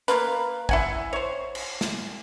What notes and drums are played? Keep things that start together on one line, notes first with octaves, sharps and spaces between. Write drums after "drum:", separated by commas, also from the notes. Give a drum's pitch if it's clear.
A#3 F4 B4, drum: hi-hat
E4 F#5 G#5, drum: kick
C5 C#5
drum: cymbal
drum: snare